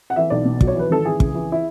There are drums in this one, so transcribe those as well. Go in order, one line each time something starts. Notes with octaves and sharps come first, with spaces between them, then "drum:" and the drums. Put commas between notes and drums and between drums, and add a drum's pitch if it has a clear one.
F#5
E3 E5
B1 D5
B2
F#3, drum: kick
C#5
E3 B4
G#1 A4
E3 G#4
C#2, drum: kick
E3
E4